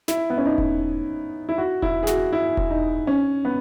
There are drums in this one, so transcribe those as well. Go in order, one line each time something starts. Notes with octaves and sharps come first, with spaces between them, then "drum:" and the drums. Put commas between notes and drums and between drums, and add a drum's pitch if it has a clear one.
E4, drum: snare
B3
C#4
D#4
drum: kick E1
E4
F#4
E4, drum: kick E1
G#4
F#4, drum: snare
E4
drum: kick E1
D#4
C#4
B3